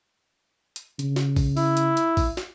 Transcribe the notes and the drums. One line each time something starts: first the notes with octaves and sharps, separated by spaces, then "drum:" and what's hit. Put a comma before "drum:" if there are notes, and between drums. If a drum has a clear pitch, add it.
drum: hi-hat
C#3, drum: hi-hat
drum: snare
drum: kick, open hi-hat
E4, drum: open hi-hat
drum: hi-hat
drum: hi-hat
drum: kick, open hi-hat
drum: snare